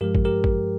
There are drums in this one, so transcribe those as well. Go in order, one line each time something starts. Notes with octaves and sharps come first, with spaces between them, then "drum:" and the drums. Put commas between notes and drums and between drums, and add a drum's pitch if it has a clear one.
G2 F3 G#3 G4 A#4
drum: kick G#1
G4 A#4
drum: kick G#1